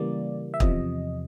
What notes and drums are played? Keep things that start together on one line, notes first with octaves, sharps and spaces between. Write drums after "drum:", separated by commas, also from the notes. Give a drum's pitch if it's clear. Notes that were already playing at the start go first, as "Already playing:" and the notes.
Already playing: C#3 E3 G3 A#3 D5
E5
E2 C3 F3 D#5, drum: kick